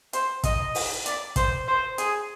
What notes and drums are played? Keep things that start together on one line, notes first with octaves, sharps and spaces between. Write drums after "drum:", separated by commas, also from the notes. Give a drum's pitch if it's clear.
C5, drum: hi-hat
D#5, drum: kick, hi-hat
drum: open hi-hat
D5, drum: hi-hat
C5, drum: kick, hi-hat
C5
G#4, drum: hi-hat